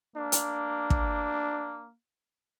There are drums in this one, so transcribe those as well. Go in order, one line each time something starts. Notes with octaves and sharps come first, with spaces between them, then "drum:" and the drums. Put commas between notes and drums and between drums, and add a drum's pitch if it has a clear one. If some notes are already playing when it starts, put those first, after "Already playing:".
A#3 D4
drum: hi-hat
drum: kick